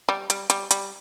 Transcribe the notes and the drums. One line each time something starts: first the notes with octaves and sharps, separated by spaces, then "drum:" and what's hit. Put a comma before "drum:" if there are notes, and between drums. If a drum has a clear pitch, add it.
G3
G3, drum: hi-hat
G3, drum: hi-hat
G3, drum: hi-hat